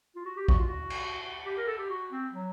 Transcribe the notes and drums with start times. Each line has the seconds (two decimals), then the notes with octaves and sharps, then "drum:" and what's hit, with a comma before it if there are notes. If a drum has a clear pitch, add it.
0.16 F4
0.26 F#4
0.37 G4
0.48 F#4, drum: kick A#1
0.59 F4
0.68 F#4
0.90 drum: cymbal
1.46 G4
1.58 A#4
1.67 A4
1.78 G4
1.90 F#4
2.12 C4
2.33 F#3